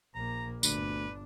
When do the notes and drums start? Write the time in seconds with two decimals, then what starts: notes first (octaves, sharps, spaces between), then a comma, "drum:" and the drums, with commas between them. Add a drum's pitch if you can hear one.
0.15 A#1 A#3 A#5
0.63 G1 D2 D4 B4, drum: tambourine